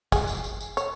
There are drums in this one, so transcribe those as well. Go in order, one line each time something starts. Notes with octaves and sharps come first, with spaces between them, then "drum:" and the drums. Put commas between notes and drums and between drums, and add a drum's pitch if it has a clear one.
G#4, drum: kick, tambourine
drum: tambourine
drum: tambourine
drum: tambourine
C#5, drum: tambourine